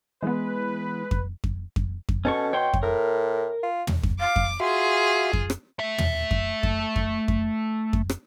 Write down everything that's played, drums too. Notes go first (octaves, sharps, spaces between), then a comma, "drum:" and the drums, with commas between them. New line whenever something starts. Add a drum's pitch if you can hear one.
E3 G#3 B3 B4
drum: kick F2
drum: kick F2
drum: kick F2
drum: kick F2
B2 C#4 A4 C#6
C#5 G5 C6
drum: kick F2
A2 A#4
F4
drum: tom
drum: kick F2
F5 D6
drum: kick F2
F4 F#4 G#4 E5 F5 C6
drum: kick F2
drum: rim click
A3 E5
drum: tom
drum: kick F2
drum: kick F2
drum: kick F2
drum: kick F2
drum: kick F2
drum: rim click